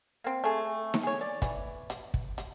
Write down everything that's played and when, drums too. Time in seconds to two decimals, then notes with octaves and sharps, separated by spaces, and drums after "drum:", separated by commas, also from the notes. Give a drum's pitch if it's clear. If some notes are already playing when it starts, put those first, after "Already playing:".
0.24 A#3 C4
0.44 A3 G#4
0.94 drum: snare D#4
1.03 G#4 C#5
1.21 D5
1.42 E3, drum: kick, hi-hat
1.90 drum: hi-hat
2.14 drum: kick
2.38 drum: hi-hat